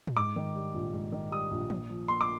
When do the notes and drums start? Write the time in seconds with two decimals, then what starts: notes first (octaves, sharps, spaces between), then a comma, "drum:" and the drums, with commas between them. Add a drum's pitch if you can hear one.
0.07 drum: tom
0.16 G#2 D6
0.36 D#3
0.55 G3
0.74 A#1
0.93 G#2
1.12 D#3
1.31 G3 D#6
1.51 A#1
1.70 A#2, drum: tom
1.90 F3
2.08 A#3 C6
2.21 D6